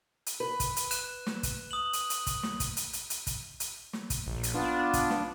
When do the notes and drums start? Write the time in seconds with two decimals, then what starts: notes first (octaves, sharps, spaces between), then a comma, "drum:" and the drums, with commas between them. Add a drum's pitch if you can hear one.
0.26 drum: hi-hat
0.40 B4
0.60 drum: kick, hi-hat
0.76 drum: hi-hat
0.91 F#6 E7, drum: hi-hat
1.27 drum: snare
1.43 drum: kick, hi-hat
1.71 D#6 F#7
1.93 drum: hi-hat
2.10 drum: hi-hat
2.27 drum: kick, hi-hat
2.43 drum: snare
2.60 drum: kick, hi-hat
2.77 drum: hi-hat
2.93 drum: hi-hat
3.10 drum: hi-hat
3.27 drum: kick, hi-hat
3.60 drum: hi-hat
3.93 drum: snare
4.10 drum: kick, hi-hat
4.27 A#1
4.43 drum: hi-hat
4.54 B3 D4 F4
4.93 drum: kick, hi-hat
5.10 drum: snare